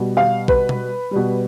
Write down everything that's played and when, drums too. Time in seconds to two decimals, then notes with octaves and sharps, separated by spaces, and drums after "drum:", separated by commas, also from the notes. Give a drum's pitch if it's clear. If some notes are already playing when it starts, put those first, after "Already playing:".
Already playing: B2 G3
0.17 F5
0.48 B4, drum: kick A#1
0.69 drum: tom B2
1.11 B2 G3